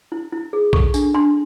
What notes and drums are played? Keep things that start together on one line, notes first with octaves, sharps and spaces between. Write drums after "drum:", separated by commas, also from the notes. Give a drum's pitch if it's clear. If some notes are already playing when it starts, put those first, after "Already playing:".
E4
E4
G#4
A4 C#6, drum: kick B1
D4, drum: tambourine
D4 C6